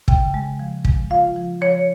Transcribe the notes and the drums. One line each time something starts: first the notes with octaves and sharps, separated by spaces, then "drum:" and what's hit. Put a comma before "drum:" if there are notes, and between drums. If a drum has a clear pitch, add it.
C#3 G5, drum: kick
G#3
F3
G#3, drum: kick
F4 F5
F3
F3 C#5